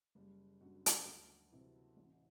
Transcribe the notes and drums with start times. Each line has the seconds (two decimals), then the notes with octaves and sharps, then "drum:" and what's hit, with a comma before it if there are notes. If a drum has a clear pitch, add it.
0.15 F#1 G3
0.61 F#2 D3 F#4
0.86 drum: hi-hat
1.06 D2 A4
1.51 C3 E3
1.97 A1